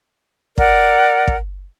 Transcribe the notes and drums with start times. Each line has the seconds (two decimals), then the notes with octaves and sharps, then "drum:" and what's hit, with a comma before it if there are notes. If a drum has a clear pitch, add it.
0.58 A#4 D5 F#5, drum: kick
1.28 drum: kick